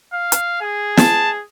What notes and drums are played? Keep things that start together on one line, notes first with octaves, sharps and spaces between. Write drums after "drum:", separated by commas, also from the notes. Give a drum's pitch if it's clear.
F5
drum: hi-hat
G#4
A5, drum: snare